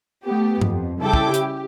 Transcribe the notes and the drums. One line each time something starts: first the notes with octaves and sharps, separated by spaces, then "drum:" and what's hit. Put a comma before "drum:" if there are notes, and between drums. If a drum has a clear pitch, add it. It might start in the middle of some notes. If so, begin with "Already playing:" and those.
A3 B3 G4
F2, drum: tom G2
C#3 G3 E4 A4 G5 D6
drum: kick
G4, drum: hi-hat